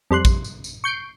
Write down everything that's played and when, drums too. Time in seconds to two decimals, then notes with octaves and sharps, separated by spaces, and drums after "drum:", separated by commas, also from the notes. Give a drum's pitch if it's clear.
0.11 F2 G3 C6 F#6
0.25 drum: kick, tambourine
0.44 drum: tambourine
0.64 drum: tambourine
0.84 C#6 G6 C7 D7